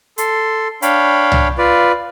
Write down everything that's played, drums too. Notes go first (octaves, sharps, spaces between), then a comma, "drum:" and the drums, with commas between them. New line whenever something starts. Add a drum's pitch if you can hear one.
A4 C6, drum: hi-hat
D4 C#5 F5 G5 B5, drum: hi-hat
drum: tom
F4 B4 D5